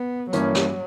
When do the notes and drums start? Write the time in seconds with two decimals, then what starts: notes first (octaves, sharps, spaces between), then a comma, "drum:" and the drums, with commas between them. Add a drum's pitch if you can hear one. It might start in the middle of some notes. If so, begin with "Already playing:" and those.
Already playing: B3
0.33 G2 E3 F#3 A#3 C#4, drum: hi-hat
0.55 drum: snare